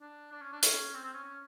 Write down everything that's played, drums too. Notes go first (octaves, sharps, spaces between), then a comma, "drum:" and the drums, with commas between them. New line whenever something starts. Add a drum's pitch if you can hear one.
D4
D4
C#4
D4
C#4, drum: hi-hat
C4
C4
C#4
C#4